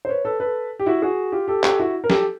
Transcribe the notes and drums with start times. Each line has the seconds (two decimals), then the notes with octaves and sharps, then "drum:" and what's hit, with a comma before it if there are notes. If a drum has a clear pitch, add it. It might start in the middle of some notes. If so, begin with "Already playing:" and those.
0.05 C5
0.09 B4 C#5
0.25 A4 B4
0.40 A4 B4
0.79 G4
0.86 E4 F#4
1.02 F#4 G#4
1.32 F4 G4
1.48 G4 A4
1.64 G4 A4, drum: clap
1.80 E4 F#4
2.04 A#4
2.10 G4 A4, drum: snare